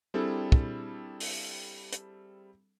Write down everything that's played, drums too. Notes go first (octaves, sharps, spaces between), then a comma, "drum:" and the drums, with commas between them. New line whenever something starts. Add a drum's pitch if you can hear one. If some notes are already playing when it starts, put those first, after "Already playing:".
G3 C4 D4 E4 G#4 A4
drum: kick
drum: open hi-hat
drum: hi-hat